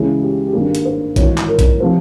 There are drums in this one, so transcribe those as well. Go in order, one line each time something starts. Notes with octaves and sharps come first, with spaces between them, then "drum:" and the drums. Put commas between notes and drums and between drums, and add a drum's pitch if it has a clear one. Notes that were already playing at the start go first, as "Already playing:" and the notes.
Already playing: C#2 C#3 E3 G#3 E4 G#4
G4
G4
G#1 G2 G3 A#3 G#4
drum: hi-hat
C5
G#1 G#2 E3 C#5, drum: kick A#1, hi-hat
drum: clap
A#4
drum: kick A#1, hi-hat
C3 F3 C5